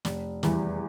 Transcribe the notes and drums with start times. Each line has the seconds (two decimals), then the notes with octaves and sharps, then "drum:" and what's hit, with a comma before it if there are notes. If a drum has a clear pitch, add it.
0.05 F1, drum: snare
0.43 E2 E3 G3, drum: snare